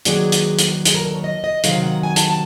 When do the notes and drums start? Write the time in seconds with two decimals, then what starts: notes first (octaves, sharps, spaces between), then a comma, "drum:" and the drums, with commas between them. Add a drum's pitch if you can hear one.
0.05 D#2 D#3 F#3 B3 D4 G#4, drum: hi-hat
0.32 drum: hi-hat
0.59 drum: hi-hat
0.85 G#4, drum: hi-hat
0.95 A#4
1.04 A4
1.15 C#5
1.24 D#5
1.44 D#5
1.64 C3 D#3 F#3 F5, drum: hi-hat
1.83 F#5
2.03 G#5
2.16 A5, drum: hi-hat
2.29 A5